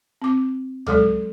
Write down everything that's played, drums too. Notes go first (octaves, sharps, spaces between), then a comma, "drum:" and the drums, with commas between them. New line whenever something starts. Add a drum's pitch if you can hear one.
C4 D6
F#3 G#3 A4 D6, drum: tom C#2